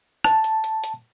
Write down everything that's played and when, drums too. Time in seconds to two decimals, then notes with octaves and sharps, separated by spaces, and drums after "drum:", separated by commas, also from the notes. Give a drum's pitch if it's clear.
0.24 A5, drum: rim click
0.44 drum: hi-hat
0.64 drum: hi-hat
0.84 drum: hi-hat